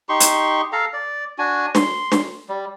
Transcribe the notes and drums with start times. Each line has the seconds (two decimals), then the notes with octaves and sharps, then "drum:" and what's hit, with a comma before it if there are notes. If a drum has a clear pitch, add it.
0.09 D#4 G4 C6 C#6
0.20 drum: hi-hat
0.73 A4 F5 A#5
0.93 D5
1.38 D4 F#4 G#5
1.75 C6, drum: snare
2.12 drum: snare
2.49 G3